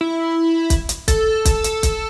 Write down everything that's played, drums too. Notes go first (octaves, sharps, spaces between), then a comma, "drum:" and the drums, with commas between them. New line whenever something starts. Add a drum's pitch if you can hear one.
E4
drum: kick, hi-hat
drum: hi-hat
A4, drum: kick, hi-hat
drum: kick, hi-hat
drum: hi-hat
drum: kick, hi-hat